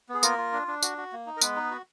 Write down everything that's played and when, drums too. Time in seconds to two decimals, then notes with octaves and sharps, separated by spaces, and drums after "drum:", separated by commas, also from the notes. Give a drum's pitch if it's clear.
0.09 B3
0.14 G#4
0.23 A#3 F4 A#4, drum: tambourine
0.38 F4
0.53 D4
0.68 D4
0.83 F#4, drum: tambourine
0.98 F#4
1.12 A#3
1.26 D#4
1.37 A#4
1.42 G#3 B3 B4, drum: tambourine
1.56 D#4
1.71 F#4